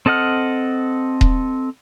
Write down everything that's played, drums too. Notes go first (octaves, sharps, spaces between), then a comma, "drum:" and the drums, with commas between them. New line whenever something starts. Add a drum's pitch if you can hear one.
C4 A4 D#5 F#5 F6
drum: kick D#1